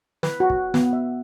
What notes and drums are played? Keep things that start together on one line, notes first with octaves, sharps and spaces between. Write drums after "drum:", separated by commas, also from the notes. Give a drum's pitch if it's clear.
B4, drum: snare
F#4
drum: kick
B3, drum: snare
E5